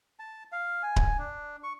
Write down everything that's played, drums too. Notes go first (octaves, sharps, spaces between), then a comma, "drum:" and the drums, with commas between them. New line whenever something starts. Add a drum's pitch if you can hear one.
A5
F5
G#5
drum: kick D1
D4
C#6